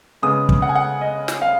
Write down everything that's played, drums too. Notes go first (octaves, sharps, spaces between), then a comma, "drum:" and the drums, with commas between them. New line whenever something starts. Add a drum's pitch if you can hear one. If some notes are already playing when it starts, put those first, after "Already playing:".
C#3 G#3 B3 D#6
drum: kick
F#5
G#5
F#5
D#5
drum: snare
F5